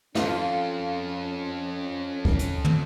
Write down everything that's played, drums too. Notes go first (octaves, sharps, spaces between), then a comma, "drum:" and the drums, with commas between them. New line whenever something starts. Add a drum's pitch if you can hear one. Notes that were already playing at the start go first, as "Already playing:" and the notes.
F2 G#2 F3 C#4 F4 A4, drum: snare
drum: kick
drum: hi-hat
drum: tom